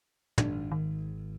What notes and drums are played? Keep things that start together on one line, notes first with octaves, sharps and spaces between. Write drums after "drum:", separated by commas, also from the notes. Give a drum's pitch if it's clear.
G#1 D4, drum: tom
D#3